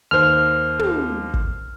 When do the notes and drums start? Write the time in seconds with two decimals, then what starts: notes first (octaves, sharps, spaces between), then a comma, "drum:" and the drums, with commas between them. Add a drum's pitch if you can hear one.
0.11 D#2 C5 F6
0.79 drum: tom
1.34 drum: kick